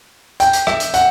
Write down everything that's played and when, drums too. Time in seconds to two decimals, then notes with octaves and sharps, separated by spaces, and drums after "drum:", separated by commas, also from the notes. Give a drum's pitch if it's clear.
0.40 G5, drum: hi-hat
0.53 drum: hi-hat
0.67 E5, drum: rim click
0.80 drum: hi-hat
0.94 F#5, drum: hi-hat